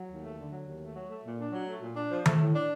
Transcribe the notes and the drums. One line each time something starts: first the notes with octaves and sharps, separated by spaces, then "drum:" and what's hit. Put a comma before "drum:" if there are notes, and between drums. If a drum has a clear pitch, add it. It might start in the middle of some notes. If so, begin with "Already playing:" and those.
Already playing: F#3
D#2
A3
D3
F#3
D#2
A3
F#3
A3
A#2
D4
F#3
A3
A#2
D4
F3
A3, drum: tom D#3
A2
D4